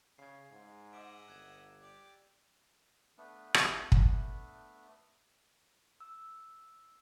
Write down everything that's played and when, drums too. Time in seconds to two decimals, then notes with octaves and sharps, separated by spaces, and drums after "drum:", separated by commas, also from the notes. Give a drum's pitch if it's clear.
0.18 C#3 G#6 C7
0.50 G#2
0.93 D#5 E5 F#5 D6 E6 D7
1.28 G1 F#6 G#6 E7
1.82 G4 D5 D6
3.18 A3 B3 D4
3.54 drum: rim click
3.92 drum: kick
6.00 E6